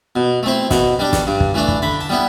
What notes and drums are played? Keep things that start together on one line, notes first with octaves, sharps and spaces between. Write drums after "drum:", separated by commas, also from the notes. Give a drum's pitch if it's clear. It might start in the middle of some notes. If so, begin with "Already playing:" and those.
B2
A3 C4 E4
B2, drum: snare
G3 D4
drum: snare
G2
drum: kick
E3 A3 D4
drum: kick
D3 B5
A5
G3 B3 E4